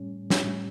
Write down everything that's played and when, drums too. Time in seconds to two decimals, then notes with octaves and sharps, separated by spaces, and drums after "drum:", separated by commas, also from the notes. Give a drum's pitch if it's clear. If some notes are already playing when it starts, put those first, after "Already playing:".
Already playing: A2 G3 C#4
0.30 A2 G3 C#4, drum: snare